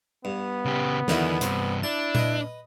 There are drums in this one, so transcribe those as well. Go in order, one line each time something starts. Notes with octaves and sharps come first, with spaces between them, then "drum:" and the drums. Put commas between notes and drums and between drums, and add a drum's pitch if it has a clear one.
G2 B3
C#3 G4
E2 D3 D#3 E4, drum: snare
G2 C3 C4, drum: hi-hat
D4 E4 A5
B4 D#5, drum: tom A#2